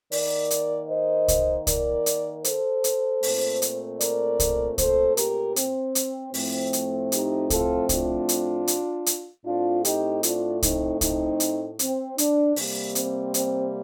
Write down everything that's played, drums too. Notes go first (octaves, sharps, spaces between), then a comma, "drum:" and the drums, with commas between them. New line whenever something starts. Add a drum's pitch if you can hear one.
D#3 A#3 A#4 D5, drum: open hi-hat
drum: hi-hat
C5 D#5
drum: kick C2, hi-hat
A#4 D5, drum: kick C2, hi-hat
drum: hi-hat
A4 C5, drum: hi-hat
drum: hi-hat
A#2 A3 C4, drum: open hi-hat
drum: hi-hat
A#4 D5, drum: hi-hat
drum: kick C2, hi-hat
A4 C5, drum: kick C2, hi-hat
G4 A#4, drum: hi-hat
C4, drum: hi-hat
drum: hi-hat
A2 F3 A3 C4, drum: open hi-hat
drum: hi-hat
D#4 G4, drum: hi-hat
F4 A4, drum: kick C2, hi-hat
D4 F4, drum: kick C2, hi-hat
drum: hi-hat
drum: hi-hat
drum: hi-hat
A2 A3 C4 D4 F4
D#4 G4, drum: hi-hat
D4 F4, drum: hi-hat
C4 D#4, drum: kick C2, hi-hat
C4 D#4, drum: kick C2, hi-hat
drum: hi-hat
C4, drum: hi-hat
D4, drum: hi-hat
C3 G3 A#3, drum: open hi-hat
C4, drum: hi-hat
C4, drum: hi-hat